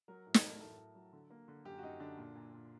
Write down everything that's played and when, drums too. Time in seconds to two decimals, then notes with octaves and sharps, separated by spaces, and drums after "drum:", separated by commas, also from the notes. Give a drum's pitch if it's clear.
0.08 F#3 A#4
0.26 A2
0.34 A4, drum: snare
0.41 A2 A#4
0.48 A4
0.60 A2 A4
0.78 A2
0.95 F#3
1.13 D3
1.30 A#3
1.48 D3
1.65 F#2 G4
1.78 F#4
1.83 F#2 D#4
2.00 D3 D4
2.17 A#2
2.36 A#2
2.53 A#2